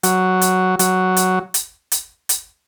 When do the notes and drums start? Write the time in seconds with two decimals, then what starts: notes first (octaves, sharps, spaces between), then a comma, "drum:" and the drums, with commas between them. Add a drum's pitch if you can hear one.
0.03 F#3, drum: hi-hat
0.41 drum: hi-hat
0.79 F#3, drum: hi-hat
1.17 drum: hi-hat
1.54 drum: hi-hat
1.92 drum: hi-hat
2.29 drum: hi-hat